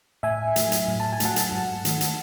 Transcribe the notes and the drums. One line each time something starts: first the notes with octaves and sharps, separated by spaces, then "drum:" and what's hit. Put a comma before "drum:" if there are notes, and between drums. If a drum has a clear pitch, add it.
A2 E5 G#5
F#3 A3, drum: hi-hat
drum: hi-hat
A2
A5
G#5
F#3 A3 F#5 A5, drum: hi-hat
drum: hi-hat
G#2
D#3 A3, drum: hi-hat
drum: hi-hat